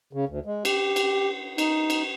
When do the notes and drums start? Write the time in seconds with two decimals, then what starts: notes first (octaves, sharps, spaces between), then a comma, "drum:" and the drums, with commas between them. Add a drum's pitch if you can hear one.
0.13 C#3
0.29 D2
0.46 G#3
0.65 G4, drum: cymbal
0.96 drum: cymbal
1.58 D#4, drum: cymbal
1.90 drum: cymbal